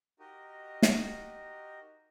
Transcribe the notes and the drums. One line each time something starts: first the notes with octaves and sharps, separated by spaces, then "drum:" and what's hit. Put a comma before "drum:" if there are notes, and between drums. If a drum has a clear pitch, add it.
D#4 F#4 G4 A#4 D#5
drum: snare